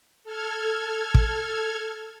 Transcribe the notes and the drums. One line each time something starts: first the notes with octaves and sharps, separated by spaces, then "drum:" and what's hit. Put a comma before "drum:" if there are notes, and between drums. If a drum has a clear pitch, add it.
A4 F6 G#6
drum: kick